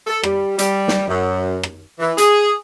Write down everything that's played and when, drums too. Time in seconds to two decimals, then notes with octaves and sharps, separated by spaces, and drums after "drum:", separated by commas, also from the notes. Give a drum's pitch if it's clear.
0.07 A4
0.23 G3, drum: rim click
0.59 G3, drum: hi-hat
0.88 drum: snare
1.08 F#2
1.63 drum: rim click
1.99 E3
2.18 G#4, drum: hi-hat